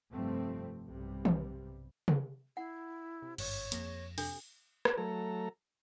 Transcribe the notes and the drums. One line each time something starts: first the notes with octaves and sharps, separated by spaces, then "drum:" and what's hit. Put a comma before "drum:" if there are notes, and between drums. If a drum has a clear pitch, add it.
F1 G2 F3 G3 A3 C4
B1 G2 C3 G3
drum: tom D#3
drum: tom C3
E4 F#5
C3
G#1 G2 C#5, drum: cymbal
F2 A#3 G#4 A#6, drum: hi-hat
C3 D4 G4 A4, drum: open hi-hat
drum: rim click
F#3 A3 A4 A#5